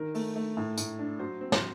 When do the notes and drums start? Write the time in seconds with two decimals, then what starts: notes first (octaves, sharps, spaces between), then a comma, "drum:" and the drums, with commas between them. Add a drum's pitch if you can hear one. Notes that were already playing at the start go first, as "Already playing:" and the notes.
Already playing: D#3 A#4
0.15 A3, drum: open hi-hat
0.36 A3
0.57 A2
0.78 A2, drum: tambourine
0.99 D4
1.19 F#3 C5
1.41 C4
1.52 C5, drum: snare